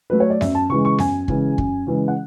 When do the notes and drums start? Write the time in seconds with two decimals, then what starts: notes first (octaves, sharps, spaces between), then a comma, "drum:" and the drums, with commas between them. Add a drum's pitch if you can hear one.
0.10 F#3 A3 B4
0.20 C#5
0.30 D5
0.41 F#2 E5, drum: snare B3
0.55 A5
0.69 C#3 E3 G#3 C#6
0.85 C#6
0.98 F#2 G#5, drum: snare B3
1.28 C#3 E3 G#3, drum: kick
1.58 F#2, drum: kick
1.87 C#3 E3 G#3
2.08 F#5